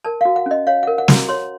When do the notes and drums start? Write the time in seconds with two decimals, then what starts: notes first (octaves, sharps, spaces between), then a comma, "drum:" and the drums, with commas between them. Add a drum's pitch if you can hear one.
0.05 A#4 A5
0.21 F#4 F5
0.36 F#5
0.46 C#4 D#5
0.67 C#5 F5
0.83 A#4 F#5
0.98 F#5
1.08 F#4, drum: snare
1.13 A#5
1.29 C#5 C6